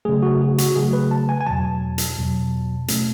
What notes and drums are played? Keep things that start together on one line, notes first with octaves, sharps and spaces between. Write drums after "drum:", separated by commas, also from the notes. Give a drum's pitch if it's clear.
C#3 F#3 A3 G#4
F#4
G#4
F#4, drum: hi-hat
C#3 F#3 A3 G#4
B4
A5
G#5
G#5
E2 B2 F#3 A5
drum: hi-hat
E2 B2 F#3
B2 A3 C#4, drum: hi-hat